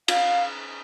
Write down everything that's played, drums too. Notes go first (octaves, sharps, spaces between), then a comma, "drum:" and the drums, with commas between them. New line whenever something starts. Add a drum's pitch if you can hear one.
F5, drum: cymbal